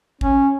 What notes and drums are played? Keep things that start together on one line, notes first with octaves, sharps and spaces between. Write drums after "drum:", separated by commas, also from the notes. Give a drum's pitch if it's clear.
C#4, drum: kick